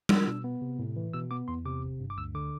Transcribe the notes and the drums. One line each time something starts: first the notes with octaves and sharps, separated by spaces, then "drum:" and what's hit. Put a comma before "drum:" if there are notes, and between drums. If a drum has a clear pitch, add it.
D4 E6, drum: tom G3
B2
B3
C3
A2
E3
B2 E6
B3 D6
E2 C6
C3 D6
G1
G2
D6
D2 E6
D3 D6